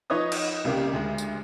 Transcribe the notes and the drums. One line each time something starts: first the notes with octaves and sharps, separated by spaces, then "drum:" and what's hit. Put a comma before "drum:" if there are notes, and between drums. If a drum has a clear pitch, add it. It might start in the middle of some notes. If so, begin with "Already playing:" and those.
F3 D#4 B4 C#5 D#5 D#6
drum: cymbal
C2 C#3 A#3 G4
D2 G#3
drum: tambourine